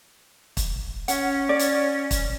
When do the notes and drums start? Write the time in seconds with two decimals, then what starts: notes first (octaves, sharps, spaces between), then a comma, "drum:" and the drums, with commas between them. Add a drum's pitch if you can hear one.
0.57 drum: kick, hi-hat
1.08 C#4 F#5, drum: hi-hat
1.49 D5
1.59 drum: hi-hat
2.11 drum: kick, hi-hat